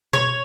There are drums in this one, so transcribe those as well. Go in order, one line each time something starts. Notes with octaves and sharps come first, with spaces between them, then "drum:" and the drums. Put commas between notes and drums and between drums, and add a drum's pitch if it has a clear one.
C#5, drum: tom B2